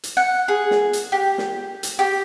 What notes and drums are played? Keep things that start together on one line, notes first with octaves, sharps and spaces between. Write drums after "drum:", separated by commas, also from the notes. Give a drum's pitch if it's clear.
drum: hi-hat
F#5
G#4
drum: snare
drum: hi-hat
G4
drum: snare
drum: hi-hat
G4